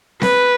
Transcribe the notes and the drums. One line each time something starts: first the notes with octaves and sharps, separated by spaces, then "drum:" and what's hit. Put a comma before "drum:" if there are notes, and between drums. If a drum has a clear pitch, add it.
B4, drum: snare C4